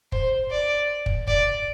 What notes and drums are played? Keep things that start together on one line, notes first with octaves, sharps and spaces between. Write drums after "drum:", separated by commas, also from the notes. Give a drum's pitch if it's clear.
C5, drum: kick
D5
drum: kick
D5, drum: kick